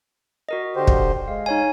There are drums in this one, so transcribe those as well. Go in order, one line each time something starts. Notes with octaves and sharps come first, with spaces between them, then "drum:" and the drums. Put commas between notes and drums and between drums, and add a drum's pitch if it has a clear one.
F#4 A#4 D#5
D3 G4 C5
drum: kick
G#3 F5
D#4 C#5 G#5